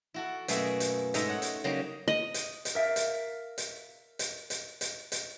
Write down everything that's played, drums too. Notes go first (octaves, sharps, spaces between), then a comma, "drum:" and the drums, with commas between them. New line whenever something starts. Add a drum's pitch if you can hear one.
E4 F#4 A4
F#2 B2 A3 A#3 G#4 E5, drum: hi-hat
drum: hi-hat
G#2 A3 D#5 E5 A#5, drum: hi-hat
A4 C#5 F#5
drum: hi-hat
C#3 F#3 G3 A#3 D#4
D#5
drum: hi-hat
drum: hi-hat
A#4 E5 F5
drum: hi-hat
drum: hi-hat
drum: hi-hat
drum: hi-hat
drum: hi-hat
drum: hi-hat